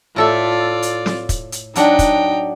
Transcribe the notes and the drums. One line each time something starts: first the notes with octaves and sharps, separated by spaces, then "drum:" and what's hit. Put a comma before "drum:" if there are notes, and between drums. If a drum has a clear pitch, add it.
A2 F4 A4 D5 E5
drum: hi-hat
drum: snare
drum: kick, hi-hat
drum: hi-hat
F#3 D4 D#4 F#5 G5, drum: hi-hat
drum: kick, hi-hat